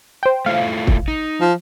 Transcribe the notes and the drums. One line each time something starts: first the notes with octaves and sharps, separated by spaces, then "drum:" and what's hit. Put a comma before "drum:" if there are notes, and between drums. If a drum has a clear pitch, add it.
C5 G5
A3 E4 F4 F5
drum: kick
D#4
F3